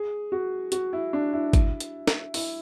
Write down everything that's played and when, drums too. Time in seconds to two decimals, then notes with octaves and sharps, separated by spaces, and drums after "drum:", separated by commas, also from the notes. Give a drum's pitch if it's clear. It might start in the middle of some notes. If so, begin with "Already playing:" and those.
Already playing: G#4
0.32 F#4
0.72 F#4, drum: hi-hat
0.93 E4
1.13 D4
1.33 E4
1.53 drum: kick G#1, hi-hat
1.80 drum: hi-hat
2.07 drum: snare
2.34 E4, drum: open hi-hat